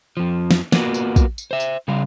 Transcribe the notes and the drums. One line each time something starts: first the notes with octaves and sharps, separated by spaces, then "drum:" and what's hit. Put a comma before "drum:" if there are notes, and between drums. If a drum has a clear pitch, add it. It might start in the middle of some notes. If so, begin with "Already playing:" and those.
F2 F3
drum: snare
A#3 B3 F4 F#4, drum: snare
drum: tambourine
drum: kick, tambourine
drum: tambourine
C5 E5
drum: tambourine
C#3 G3 F5